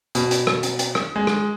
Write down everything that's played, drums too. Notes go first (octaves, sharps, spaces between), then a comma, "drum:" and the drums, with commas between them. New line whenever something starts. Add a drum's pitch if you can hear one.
B2, drum: hi-hat
drum: hi-hat
drum: rim click
drum: hi-hat
drum: hi-hat
drum: rim click
G#3
drum: rim click